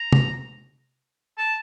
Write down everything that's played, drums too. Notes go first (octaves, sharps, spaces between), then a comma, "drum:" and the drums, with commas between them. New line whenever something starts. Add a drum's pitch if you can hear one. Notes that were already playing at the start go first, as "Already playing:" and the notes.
Already playing: A#5
drum: tom C3
A5